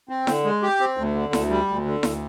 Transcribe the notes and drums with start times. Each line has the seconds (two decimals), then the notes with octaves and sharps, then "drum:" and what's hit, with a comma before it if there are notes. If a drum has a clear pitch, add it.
0.09 C4
0.27 D3, drum: snare E4
0.45 G#3
0.63 G4
0.80 C4
0.97 D2
1.15 D3
1.33 D2, drum: snare E4
1.50 G3
1.68 D2
1.85 D3
2.03 D2, drum: snare E4